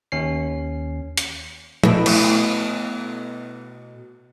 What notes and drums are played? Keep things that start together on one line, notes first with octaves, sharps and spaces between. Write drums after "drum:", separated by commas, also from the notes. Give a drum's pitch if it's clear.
D#2 C#4 C7
drum: hi-hat
B2 A3 E4, drum: tom
drum: cymbal